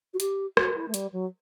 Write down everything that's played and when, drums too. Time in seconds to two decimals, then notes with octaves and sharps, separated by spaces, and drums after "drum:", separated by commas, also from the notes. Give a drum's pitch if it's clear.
0.14 F#4
0.20 G4, drum: hi-hat
0.57 F#4, drum: rim click
0.75 E4
0.88 A3
0.94 G3, drum: hi-hat
1.12 F#3